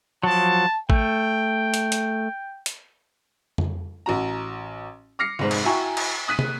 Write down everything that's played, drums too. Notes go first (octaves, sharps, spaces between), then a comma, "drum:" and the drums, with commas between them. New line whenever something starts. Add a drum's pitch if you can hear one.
F3 F#3 A5
A3 G5, drum: kick
drum: hi-hat
drum: hi-hat
drum: hi-hat
drum: tom F2
A1 F#4 A#5
D6 F6 A#6 C7 C#7
F1 G#2 C5
drum: cymbal
E4 F#4 G5 G#5 A#5 C#6
drum: cymbal
D#6 F#6 B6 D#7
drum: tom